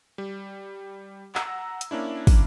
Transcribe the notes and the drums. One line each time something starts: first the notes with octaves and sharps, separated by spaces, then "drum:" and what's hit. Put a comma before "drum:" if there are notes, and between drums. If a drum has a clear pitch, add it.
G3
F#5 A#5 E6, drum: clap
drum: hi-hat
A#3 C#4 D4 E4
drum: kick, open hi-hat